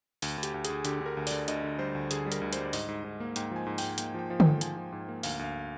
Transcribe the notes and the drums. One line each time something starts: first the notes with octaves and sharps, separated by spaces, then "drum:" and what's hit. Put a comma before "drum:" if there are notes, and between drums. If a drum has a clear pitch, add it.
D2, drum: open hi-hat
D2
G4, drum: hi-hat
D2
G#4, drum: hi-hat
D2
D3 G4, drum: hi-hat
D3 A#4
D2
D3 D5, drum: open hi-hat
D2 D#5, drum: hi-hat
D3
G3 C5
D2
D3 G#4, drum: hi-hat
G3
A#4, drum: hi-hat
D2
G3 C5, drum: hi-hat
D5
G#2 D#5, drum: open hi-hat
G#2
G#2
A#3
G#2 G5, drum: hi-hat
F3 G#5
G#2
G#2 G5, drum: open hi-hat
A#3 G5, drum: hi-hat
F3 G5
F3
G5, drum: tom D3
G#2
F3 G#5, drum: hi-hat
F3
G#2
A#3
D2 F5, drum: open hi-hat
D2 F5